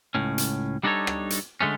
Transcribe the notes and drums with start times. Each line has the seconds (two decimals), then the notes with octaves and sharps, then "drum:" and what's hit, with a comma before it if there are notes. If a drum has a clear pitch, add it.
0.15 C#2 A2 C#4
0.38 drum: hi-hat
0.83 G3 D4 D#4 F#4 A4 C#5
1.07 drum: rim click
1.30 drum: hi-hat
1.61 D3 G#3 A3 C#4